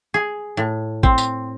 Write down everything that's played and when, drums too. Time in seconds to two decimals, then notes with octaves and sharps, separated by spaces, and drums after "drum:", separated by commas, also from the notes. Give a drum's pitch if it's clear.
0.14 G#4
0.57 A2
1.03 C4, drum: kick A1
1.18 drum: tambourine